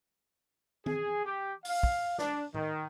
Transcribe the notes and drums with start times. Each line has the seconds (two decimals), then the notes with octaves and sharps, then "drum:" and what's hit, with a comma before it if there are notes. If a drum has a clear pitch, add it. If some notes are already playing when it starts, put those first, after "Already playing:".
0.86 G#4, drum: tom E3
1.24 G4
1.65 F5, drum: open hi-hat
1.83 drum: kick
2.18 D4, drum: snare
2.54 D#3, drum: tom A2